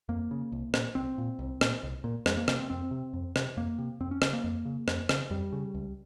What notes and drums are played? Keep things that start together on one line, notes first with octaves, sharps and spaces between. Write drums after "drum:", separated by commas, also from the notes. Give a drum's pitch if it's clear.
F2 A#3
C#3
C2
A#2, drum: rim click
C2 C4
A#2
C2
A#2, drum: rim click
C2
A#2
F2 G#3, drum: rim click
A#3
C3 A#3, drum: rim click
C4
F2 C4
C3
F2
C3, drum: rim click
F2 A#3
C3
F2 C4
C#4
C#3, drum: rim click
A#3
F2
C#3
F2, drum: rim click
C#3, drum: rim click
F2 G3
C#3
C#2